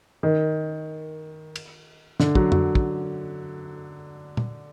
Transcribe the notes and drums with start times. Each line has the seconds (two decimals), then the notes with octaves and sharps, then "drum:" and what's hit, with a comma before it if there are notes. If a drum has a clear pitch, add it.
0.23 D#3
1.56 drum: cymbal
2.20 D3, drum: snare
2.35 F#3, drum: kick
2.52 F#3, drum: tom F2
2.75 drum: kick
4.37 drum: tom A#2